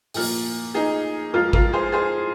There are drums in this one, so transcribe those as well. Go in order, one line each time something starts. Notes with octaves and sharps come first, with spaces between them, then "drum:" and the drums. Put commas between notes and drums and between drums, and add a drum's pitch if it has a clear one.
A#2 F3 A#3, drum: open hi-hat
D#4 G#4
F2 F3 G#3 F4 A#4
F4 A#4, drum: kick
G#4 C5
G#4 C5